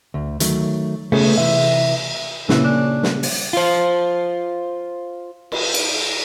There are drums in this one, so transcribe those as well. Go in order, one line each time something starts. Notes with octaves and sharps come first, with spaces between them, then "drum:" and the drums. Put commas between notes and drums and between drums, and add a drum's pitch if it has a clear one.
D2
D#3 F#3 A3, drum: hi-hat
C#3 A3 B3 C#4 G#4, drum: cymbal
C3 E3 E5
A#2 C#3 E3 C#4, drum: snare
D4
G3, drum: snare
drum: open hi-hat
F4 C5
drum: cymbal
drum: cymbal